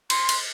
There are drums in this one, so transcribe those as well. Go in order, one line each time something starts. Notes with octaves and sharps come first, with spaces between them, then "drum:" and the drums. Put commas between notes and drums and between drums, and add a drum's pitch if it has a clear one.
C6, drum: cymbal
drum: cymbal